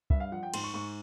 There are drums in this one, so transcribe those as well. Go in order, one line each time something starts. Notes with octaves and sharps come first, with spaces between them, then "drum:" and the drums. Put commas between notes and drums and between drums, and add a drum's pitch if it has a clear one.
G2 E5, drum: kick
F5
F3 F#5
G5
G#2 C6, drum: cymbal
C#6
G#2 C#6